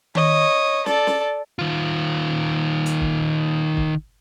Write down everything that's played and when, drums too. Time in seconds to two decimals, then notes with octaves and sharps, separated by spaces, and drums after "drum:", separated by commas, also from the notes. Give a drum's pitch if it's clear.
0.15 C#5 D#5, drum: tom D#3
0.86 A4 D5, drum: snare
1.07 drum: snare
1.59 D#3 F4
2.86 drum: hi-hat
3.01 drum: kick
3.77 drum: kick